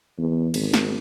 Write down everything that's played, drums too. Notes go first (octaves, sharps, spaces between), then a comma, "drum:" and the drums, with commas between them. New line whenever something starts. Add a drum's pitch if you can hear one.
E2
G#1, drum: cymbal
drum: snare